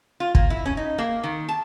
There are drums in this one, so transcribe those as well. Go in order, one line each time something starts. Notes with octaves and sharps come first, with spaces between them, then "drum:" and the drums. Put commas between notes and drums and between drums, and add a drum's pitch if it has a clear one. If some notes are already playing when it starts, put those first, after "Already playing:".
F4
A#3, drum: kick
E4
C#4
D#4
A#3
D#3
A5